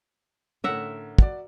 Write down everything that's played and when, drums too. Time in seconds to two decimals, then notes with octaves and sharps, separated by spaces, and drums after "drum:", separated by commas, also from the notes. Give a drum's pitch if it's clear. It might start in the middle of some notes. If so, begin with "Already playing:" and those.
0.64 A2 D3 C#4 A#4 E5 F#5
1.19 F#4 D5, drum: kick